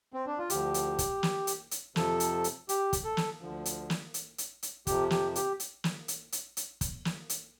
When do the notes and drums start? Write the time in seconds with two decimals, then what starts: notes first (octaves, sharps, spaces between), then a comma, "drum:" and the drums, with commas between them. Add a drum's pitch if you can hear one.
0.13 C4
0.27 D4
0.38 F4
0.50 D2 D3 F3 G4, drum: hi-hat
0.74 drum: hi-hat
0.99 drum: kick, hi-hat
1.23 drum: snare
1.47 drum: hi-hat
1.71 drum: hi-hat
1.96 F2 C3 F3 A4, drum: snare
2.20 drum: hi-hat
2.44 drum: hi-hat
2.69 G4, drum: hi-hat
2.93 drum: kick, hi-hat
3.04 A4
3.17 drum: snare
3.41 D2 D3 F3
3.65 drum: hi-hat
3.90 drum: snare
4.14 drum: hi-hat
4.38 drum: hi-hat
4.63 drum: hi-hat
4.87 F2 C3 F3 G4, drum: kick, hi-hat
5.10 G4, drum: snare
5.35 G4, drum: hi-hat
5.60 drum: hi-hat
5.84 drum: snare
6.08 drum: hi-hat
6.32 drum: hi-hat
6.57 drum: hi-hat
6.81 drum: kick, hi-hat
7.05 drum: snare
7.29 drum: hi-hat